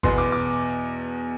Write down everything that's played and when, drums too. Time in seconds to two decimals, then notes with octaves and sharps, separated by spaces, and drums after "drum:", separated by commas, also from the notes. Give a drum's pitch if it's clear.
0.03 E2 B2 B3 C6, drum: kick G#1
0.18 D6
0.32 D6